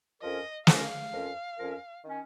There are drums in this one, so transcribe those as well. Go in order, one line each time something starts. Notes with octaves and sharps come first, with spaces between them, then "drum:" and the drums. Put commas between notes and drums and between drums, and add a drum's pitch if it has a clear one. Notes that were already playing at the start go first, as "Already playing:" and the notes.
F2 F3 C#4 A#4 D#5
F2 F3 C#4 A#4 F5, drum: snare
F2 F3 C#4 A#4
F2 F3 C#4 A#4
D#3 C#4